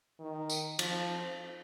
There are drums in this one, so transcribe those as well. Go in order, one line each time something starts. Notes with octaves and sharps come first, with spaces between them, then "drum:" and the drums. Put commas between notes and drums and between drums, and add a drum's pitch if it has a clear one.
D#3
drum: tambourine
F3, drum: cymbal